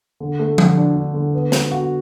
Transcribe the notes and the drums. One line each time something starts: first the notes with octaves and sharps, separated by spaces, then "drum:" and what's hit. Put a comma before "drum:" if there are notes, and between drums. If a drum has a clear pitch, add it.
D3
A3
D3, drum: tom F3
D4
D4
D3
B3
B3, drum: snare
F#4